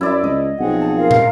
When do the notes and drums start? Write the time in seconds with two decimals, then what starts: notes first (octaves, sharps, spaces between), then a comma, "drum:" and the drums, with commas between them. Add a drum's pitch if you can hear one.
0.01 F#2 E4 D5 E5
0.24 C#2 D#5
0.60 B1 F3 C4 G#4 F#5
0.82 A5
0.96 F4 A#4 F5
1.11 drum: tom